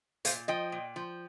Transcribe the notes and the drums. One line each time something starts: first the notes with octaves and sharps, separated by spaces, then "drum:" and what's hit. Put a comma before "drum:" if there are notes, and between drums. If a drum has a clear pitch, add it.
A#2 C5 F5, drum: hi-hat
F3 D#5 G5
A#2
F3